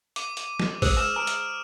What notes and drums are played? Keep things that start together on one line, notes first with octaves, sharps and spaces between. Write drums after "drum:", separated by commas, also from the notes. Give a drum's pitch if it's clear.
D6 D#7, drum: hi-hat
drum: hi-hat
drum: snare
G#4 C5 D#6 E6, drum: kick A1, open hi-hat
E5 E6 F6 E7
A#5 F6 D7
drum: hi-hat